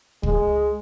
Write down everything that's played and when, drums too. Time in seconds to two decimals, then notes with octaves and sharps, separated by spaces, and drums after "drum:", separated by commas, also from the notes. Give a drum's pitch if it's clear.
0.23 G#3, drum: kick